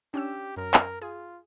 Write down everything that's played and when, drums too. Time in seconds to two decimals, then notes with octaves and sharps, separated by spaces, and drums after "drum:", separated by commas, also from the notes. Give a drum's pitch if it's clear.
0.14 C#4 D4 G4 E6
0.57 F#2 A#4
0.74 drum: clap
1.02 F4 G#4